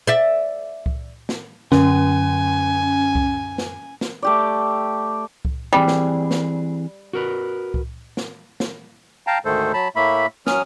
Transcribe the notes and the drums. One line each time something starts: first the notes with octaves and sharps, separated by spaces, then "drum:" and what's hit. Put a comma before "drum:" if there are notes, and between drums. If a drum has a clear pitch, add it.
D5 E5
drum: kick C2
drum: snare
F#2 D3 C#4 G#5, drum: snare
drum: kick C2
drum: snare
drum: snare
A3 G4 D5
drum: kick C2
E3 G3 C4 G#4
drum: snare
drum: snare
F#4 A#4 B4
drum: kick C2
drum: snare
drum: snare
F5 G5 A5 A#5
D2 G#2 D#3 A3 A4 C5
F#3 A5 B5
A2 A3 A#3 E5 B5
F#3 C#4 D#6 F6, drum: snare